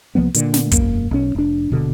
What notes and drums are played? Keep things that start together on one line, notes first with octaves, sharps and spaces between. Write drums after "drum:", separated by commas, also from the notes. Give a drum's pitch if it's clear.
C2 F3 A#3 B3
A#2 D3, drum: hi-hat
drum: snare
E1 F#2 A#3, drum: kick, hi-hat
B1 C#4
F1 D4
D#1 B2 D3